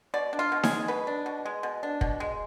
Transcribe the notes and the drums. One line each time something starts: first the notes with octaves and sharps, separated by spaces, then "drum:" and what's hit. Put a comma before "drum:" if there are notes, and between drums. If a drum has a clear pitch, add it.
B2 D5
D4
F4
B2
G#4, drum: snare D#4
G#3
B2 B4
D4
B2
G#3
B2
D4
B2, drum: kick
G#3